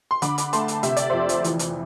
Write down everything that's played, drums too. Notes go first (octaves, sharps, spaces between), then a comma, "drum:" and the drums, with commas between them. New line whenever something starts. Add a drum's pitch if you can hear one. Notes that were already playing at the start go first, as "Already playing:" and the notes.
C6
D3 B5 D6, drum: hi-hat
drum: hi-hat
A3 A5 C6, drum: hi-hat
drum: hi-hat
C3 E5, drum: hi-hat
D5, drum: hi-hat
F2 C5 E5
drum: hi-hat
E3, drum: hi-hat
drum: hi-hat